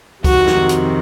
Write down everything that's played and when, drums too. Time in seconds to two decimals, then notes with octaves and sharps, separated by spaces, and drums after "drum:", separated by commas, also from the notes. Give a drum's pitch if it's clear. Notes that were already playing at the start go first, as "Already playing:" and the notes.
0.24 F2 C3 D#3 F#4, drum: kick C#2, open hi-hat
0.47 drum: snare
0.69 drum: hi-hat